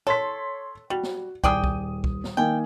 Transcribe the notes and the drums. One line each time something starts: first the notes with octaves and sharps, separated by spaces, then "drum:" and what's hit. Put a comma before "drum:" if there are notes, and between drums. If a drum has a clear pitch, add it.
A4 C#5 C6 B6
G3 F#4
drum: snare
D#1 G#4 D5 G5 D#6 D#7, drum: kick
drum: kick
drum: kick
drum: snare
D#3 A#3 G5 G#5